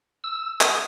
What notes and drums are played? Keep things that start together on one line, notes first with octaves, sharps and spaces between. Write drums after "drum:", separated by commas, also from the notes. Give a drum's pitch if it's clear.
E6
D#6, drum: clap